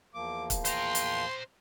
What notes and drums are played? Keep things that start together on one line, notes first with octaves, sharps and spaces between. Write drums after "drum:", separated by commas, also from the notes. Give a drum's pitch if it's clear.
E2 F3 A#3 D6
drum: kick, hi-hat
C5 G5 A#5 C6, drum: hi-hat
drum: hi-hat